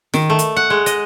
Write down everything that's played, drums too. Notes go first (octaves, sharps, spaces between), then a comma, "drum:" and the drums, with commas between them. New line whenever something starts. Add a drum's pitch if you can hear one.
D#3, drum: snare
A3
drum: hi-hat
F#5
G#3
D#5, drum: hi-hat